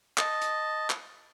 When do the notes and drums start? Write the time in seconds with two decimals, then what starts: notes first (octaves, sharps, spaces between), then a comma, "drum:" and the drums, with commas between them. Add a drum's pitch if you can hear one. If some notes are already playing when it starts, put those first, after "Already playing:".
0.17 D#5 A5, drum: clap
0.42 drum: hi-hat
0.90 drum: clap